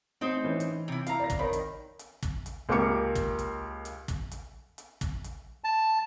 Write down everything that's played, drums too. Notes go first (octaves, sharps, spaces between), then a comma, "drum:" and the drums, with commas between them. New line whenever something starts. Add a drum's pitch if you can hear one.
A1 C4 D#4 C5
E3 C#4
drum: hi-hat
C3 E4
E4 F5 A#5, drum: hi-hat
D5 A#6
drum: kick, hi-hat
D#3 A#4 C#5 B5
drum: hi-hat
drum: hi-hat
drum: kick, hi-hat
drum: hi-hat
C#2 A#3 G4 A#4 D6 C#7
drum: kick, hi-hat
drum: hi-hat
drum: hi-hat
drum: kick, hi-hat
drum: hi-hat
drum: hi-hat
drum: kick, hi-hat
drum: hi-hat
A5